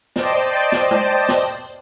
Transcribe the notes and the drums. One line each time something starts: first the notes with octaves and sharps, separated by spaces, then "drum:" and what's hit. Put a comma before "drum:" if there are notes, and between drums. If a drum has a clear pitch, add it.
C5 D5 D#5 G5 A5, drum: snare
drum: snare
drum: tom G#3
drum: snare